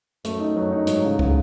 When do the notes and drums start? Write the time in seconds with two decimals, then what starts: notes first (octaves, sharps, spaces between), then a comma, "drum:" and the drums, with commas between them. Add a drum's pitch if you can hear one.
0.25 F#2 A3, drum: hi-hat
0.40 D#4
0.56 F#3
0.71 D#4
0.87 G#2 F#3, drum: hi-hat
1.04 C#3
1.19 C#3, drum: kick